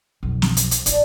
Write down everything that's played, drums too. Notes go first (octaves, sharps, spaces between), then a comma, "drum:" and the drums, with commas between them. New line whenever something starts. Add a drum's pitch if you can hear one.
B1 F2
drum: snare
drum: hi-hat
drum: hi-hat
A1 D4, drum: hi-hat